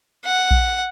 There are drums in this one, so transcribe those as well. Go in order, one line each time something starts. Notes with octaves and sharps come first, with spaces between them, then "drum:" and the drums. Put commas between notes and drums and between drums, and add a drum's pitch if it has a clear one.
F#5
drum: kick A#1